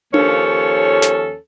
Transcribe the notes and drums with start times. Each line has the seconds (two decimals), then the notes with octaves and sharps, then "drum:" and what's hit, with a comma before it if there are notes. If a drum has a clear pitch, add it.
0.14 D#2 F3 A#3 C#4 A4 C#5, drum: tom D4
1.02 drum: snare